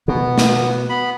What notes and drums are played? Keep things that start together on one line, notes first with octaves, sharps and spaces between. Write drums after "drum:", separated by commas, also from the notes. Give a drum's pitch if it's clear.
B2 B3
drum: snare
B3 B5